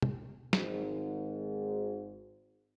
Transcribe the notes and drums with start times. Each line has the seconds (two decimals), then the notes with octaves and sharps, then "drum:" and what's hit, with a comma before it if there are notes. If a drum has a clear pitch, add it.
0.02 drum: tom
0.53 G#1 G#2, drum: snare